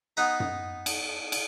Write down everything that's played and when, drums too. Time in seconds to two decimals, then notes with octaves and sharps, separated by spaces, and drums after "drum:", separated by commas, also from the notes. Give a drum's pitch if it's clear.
0.17 B3 D#4 B4 A#5
0.40 drum: tom F#2
0.86 drum: cymbal
1.32 drum: cymbal